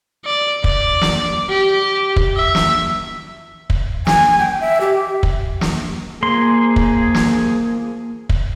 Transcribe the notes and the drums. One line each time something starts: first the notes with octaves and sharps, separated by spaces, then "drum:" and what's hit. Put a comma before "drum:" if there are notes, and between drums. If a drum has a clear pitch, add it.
D5
D5, drum: kick
drum: snare
G4
drum: kick
E5
drum: snare
drum: kick
G#5, drum: snare
G5
E5
G4
drum: kick
drum: snare
F3 A#3 G#4 C6
drum: kick
drum: snare
drum: kick